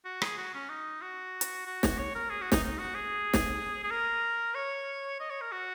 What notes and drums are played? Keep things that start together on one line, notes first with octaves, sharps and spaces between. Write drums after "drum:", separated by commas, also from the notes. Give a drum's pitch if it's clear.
F#4
G#4, drum: rim click
F#4
C#4
D#4
F#4
drum: hi-hat
F#4
drum: snare
C#5
A#4
G#4
F#4
D#4, drum: snare
D#4
F#4
G#4
drum: snare
G#4
A#4
C#5
D#5
C#5
A#4
F#4